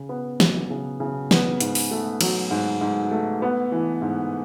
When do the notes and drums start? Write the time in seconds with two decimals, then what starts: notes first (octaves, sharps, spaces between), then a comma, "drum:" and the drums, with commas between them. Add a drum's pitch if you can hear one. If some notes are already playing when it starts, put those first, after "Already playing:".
Already playing: C#3
0.09 B3
0.40 F#3, drum: snare
0.70 C#3
1.00 C#3
1.31 B3, drum: snare
1.60 G#2, drum: hi-hat
1.75 drum: open hi-hat
1.91 A3
2.21 F#3, drum: cymbal
2.51 G#2
2.81 G#2
3.11 A3
3.42 B3
3.72 E3
4.02 G#2